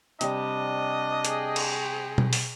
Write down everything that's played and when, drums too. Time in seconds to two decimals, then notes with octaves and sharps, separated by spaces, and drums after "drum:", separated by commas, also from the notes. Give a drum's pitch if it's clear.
0.21 C3 G3 D4 D#5, drum: hi-hat
1.25 G#4 G5, drum: hi-hat
1.56 drum: cymbal
2.18 drum: tom B2
2.33 drum: open hi-hat